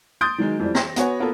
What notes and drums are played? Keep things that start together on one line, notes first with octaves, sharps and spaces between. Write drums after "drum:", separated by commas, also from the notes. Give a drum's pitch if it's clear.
C6 D#6 G6 A6 D7
D#3 F#3 G#3
F2 E3 G3
A#6, drum: snare
B3 F#4 C#5 F#5 G#5, drum: hi-hat
A#3 B3 F4 A4 B4